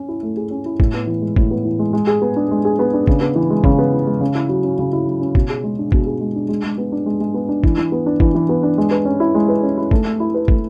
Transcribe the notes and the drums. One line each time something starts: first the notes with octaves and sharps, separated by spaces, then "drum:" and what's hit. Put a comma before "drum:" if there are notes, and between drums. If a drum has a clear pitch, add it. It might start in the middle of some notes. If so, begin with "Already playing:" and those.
Already playing: C#4
E4
A3
G#4
C#4
E4
A2, drum: kick
B3
E3
G#3
A2, drum: kick
B3
E3
G#3
G#3
G#4
B3
D4
G#3
G#4
B3
D4
C#3, drum: kick
B3
E3
G#3
C#3, drum: kick
B3
E3
G#3
C#3
E4
F#3
C#4
C#3
E4
F#3
C#4
B2, drum: kick
G#4
G#3
D4
B2, drum: kick
G#4
G#3
D4
G#3
G#3
B3
D4
G#3
G#3
B3
D4
E3, drum: kick
E3
B3
D4
E3, drum: kick
E3
B3
D4
G#3
B4
C#4
E4
G#3
B4
C#4
E4
A3, drum: kick
A3
E4
B4
A3, drum: kick